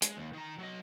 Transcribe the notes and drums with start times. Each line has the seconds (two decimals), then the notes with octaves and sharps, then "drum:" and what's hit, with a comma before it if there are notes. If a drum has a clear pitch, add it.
0.02 G#3, drum: hi-hat
0.17 D#2
0.33 D#3 A#5
0.58 F#3 D#5